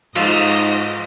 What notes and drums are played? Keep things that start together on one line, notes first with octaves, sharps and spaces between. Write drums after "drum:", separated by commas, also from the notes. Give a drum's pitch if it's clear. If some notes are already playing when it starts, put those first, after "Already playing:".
G#2 F4 A4 D#5 D#6, drum: cymbal